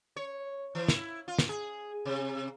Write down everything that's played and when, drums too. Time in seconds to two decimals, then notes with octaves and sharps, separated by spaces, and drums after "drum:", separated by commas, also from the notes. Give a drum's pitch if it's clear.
0.16 C#5
0.75 E3
0.88 E4, drum: snare
1.28 F4
1.39 drum: snare
1.49 G#4
2.05 C3